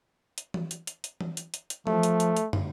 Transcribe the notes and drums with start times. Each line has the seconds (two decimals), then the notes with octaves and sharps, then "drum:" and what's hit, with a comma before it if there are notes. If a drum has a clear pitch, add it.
0.38 drum: hi-hat
0.54 drum: tom E3
0.71 drum: hi-hat
0.87 drum: hi-hat
1.04 drum: hi-hat
1.21 drum: tom E3
1.37 drum: hi-hat
1.54 drum: hi-hat
1.70 drum: hi-hat
1.87 F3 A3, drum: tom E3
2.03 drum: hi-hat
2.20 drum: hi-hat
2.37 drum: hi-hat
2.53 drum: tom